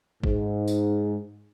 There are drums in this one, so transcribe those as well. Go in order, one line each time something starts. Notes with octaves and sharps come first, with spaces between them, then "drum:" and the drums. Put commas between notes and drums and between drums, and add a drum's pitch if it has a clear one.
G#2, drum: kick
drum: tambourine